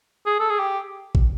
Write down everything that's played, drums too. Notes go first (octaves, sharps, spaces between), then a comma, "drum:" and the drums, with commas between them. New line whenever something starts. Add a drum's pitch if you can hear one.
G#4
A4
G#4
G4
drum: kick A1